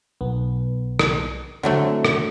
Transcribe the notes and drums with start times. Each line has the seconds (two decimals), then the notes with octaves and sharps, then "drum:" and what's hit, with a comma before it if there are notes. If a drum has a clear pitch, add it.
0.21 B1 B3
0.99 drum: rim click
1.63 D3 F#3 A3 C4 C#4 E4
2.05 drum: rim click